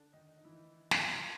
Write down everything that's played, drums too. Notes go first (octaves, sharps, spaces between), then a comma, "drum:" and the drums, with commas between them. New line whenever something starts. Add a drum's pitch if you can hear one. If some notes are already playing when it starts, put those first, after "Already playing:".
Already playing: D3 D4
D#3 D#4
D#4
E3 E4
drum: snare
F3 F4